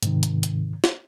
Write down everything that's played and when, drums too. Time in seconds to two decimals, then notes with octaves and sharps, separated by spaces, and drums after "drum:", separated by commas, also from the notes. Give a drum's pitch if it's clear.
0.03 G#2 C3 D#3, drum: hi-hat
0.23 drum: hi-hat
0.43 drum: hi-hat
0.84 drum: snare